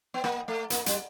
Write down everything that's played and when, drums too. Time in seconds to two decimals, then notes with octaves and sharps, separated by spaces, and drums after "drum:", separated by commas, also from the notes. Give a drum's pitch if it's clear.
0.14 B3
0.24 A#3, drum: rim click
0.48 A3
0.70 A#3, drum: hi-hat
0.86 G3, drum: hi-hat